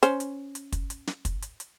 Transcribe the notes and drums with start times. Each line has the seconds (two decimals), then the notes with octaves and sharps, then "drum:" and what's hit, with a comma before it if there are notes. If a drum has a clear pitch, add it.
0.03 C#4 C5, drum: hi-hat
0.20 drum: hi-hat
0.55 drum: hi-hat
0.72 drum: kick, hi-hat
0.90 drum: hi-hat
1.07 drum: snare
1.25 drum: kick, hi-hat
1.42 drum: hi-hat
1.60 drum: hi-hat